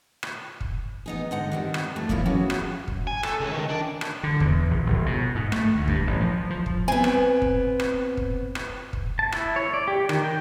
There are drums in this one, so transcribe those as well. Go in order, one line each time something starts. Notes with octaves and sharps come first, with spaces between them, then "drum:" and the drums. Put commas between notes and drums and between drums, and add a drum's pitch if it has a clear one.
drum: rim click
drum: kick
B3 D#4 G#4
G#2 D3 D#4 D#5 F#5
D#3 G3 C4
drum: rim click
A3
A#3 B3 E4 A#4 C#5 F5, drum: kick
F#3 C#4 E4 F#4 G#4
drum: rim click
drum: kick
G#5
A4, drum: rim click
C#2
D#3
D4
drum: rim click
D3
E2, drum: kick
A#1
G1
B2
G#2
A3, drum: rim click
D2
G2, drum: kick
A1
F3
F3
drum: kick
B3 C4 G#5
drum: rim click
drum: kick
drum: rim click
drum: kick
drum: rim click
drum: kick
A5
E4, drum: rim click
C#5
D5
G4
D#3, drum: rim click
G5